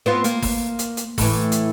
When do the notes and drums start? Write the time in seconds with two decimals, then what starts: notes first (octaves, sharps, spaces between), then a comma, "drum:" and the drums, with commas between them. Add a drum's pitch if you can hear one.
0.06 B3 C4 F4
0.24 A#3, drum: hi-hat
0.43 drum: kick, open hi-hat
0.79 drum: hi-hat
0.97 drum: hi-hat
1.18 A2 E3, drum: kick, open hi-hat
1.52 drum: hi-hat